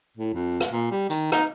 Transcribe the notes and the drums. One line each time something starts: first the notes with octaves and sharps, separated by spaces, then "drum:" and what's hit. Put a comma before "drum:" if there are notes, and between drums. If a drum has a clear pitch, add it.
A2
F2
drum: rim click
A#2
G3
D#3, drum: hi-hat
D#4, drum: rim click